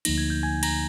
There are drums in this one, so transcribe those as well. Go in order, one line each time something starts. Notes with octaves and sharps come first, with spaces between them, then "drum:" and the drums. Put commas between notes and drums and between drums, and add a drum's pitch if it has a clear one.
D2 D3 F3 A#3 D#4 A#6, drum: cymbal
G#6
G6
G#5 G#6
A#5 A#6, drum: cymbal